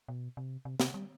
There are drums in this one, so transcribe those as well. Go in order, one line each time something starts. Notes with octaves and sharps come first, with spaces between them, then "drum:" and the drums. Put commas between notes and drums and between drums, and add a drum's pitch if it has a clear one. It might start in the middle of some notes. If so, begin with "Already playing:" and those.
B2
C3
C3
C3, drum: snare
G3